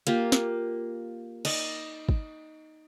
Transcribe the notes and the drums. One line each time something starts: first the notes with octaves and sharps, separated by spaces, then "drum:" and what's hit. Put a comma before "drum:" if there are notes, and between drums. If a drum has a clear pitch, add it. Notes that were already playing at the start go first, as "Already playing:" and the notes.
A#3 F4 G4, drum: hi-hat
drum: snare
D#4 D5 D#5, drum: cymbal
drum: kick